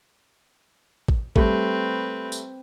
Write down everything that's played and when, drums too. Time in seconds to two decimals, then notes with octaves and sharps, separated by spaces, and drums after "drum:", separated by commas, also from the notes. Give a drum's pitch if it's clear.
1.08 drum: kick A1
1.36 G3 A3 C4 B4, drum: kick A1
2.32 drum: tambourine